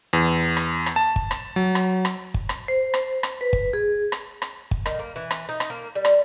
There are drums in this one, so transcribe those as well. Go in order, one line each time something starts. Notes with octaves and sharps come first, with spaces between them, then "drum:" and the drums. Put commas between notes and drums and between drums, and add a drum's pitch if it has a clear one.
E2
drum: rim click
drum: rim click
A5
drum: kick
drum: rim click
F#3
drum: rim click
drum: rim click
drum: kick
drum: rim click
C5
drum: rim click
drum: rim click
B4
drum: kick
G#4
drum: rim click
drum: rim click
drum: kick
D#3, drum: rim click
A#3
E3
drum: rim click
D#4
drum: rim click
A#3
G3
drum: rim click